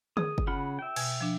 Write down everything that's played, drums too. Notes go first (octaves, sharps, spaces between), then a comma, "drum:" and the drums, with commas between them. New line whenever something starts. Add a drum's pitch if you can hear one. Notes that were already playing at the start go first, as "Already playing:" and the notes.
G#4 D#6, drum: tom
drum: kick
C#3 F4 F#5 B5
E5 G5
B2 G#5 G#6, drum: cymbal
F3 D4